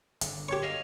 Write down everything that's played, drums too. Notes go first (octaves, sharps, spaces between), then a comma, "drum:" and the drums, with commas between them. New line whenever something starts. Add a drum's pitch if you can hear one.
G1 D3, drum: hi-hat
G4 C#5 C#6 G#6
D#5 F5